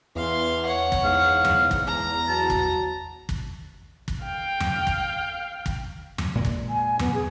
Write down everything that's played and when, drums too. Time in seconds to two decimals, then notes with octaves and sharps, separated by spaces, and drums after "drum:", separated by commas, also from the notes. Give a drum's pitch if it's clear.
0.16 E2 E3 F5 C6
0.66 C#5 F#5
0.92 drum: kick
1.04 G#2 F5
1.45 drum: tom E2
1.71 drum: kick
1.87 A#5
2.29 F#3 A5
2.50 drum: kick
3.29 drum: kick
4.08 drum: kick
4.24 F5 G5
4.60 drum: tom E2
4.87 drum: kick
5.66 drum: kick
6.18 drum: tom E2
6.35 A#2 G#3
6.45 drum: kick
6.68 G#5
6.99 B3, drum: tom E2
7.14 G#4